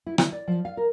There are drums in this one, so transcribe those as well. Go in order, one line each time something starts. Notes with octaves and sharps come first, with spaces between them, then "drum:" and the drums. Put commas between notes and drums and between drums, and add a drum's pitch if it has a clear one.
E4
E4, drum: rim click
D5
F3
F5
A#4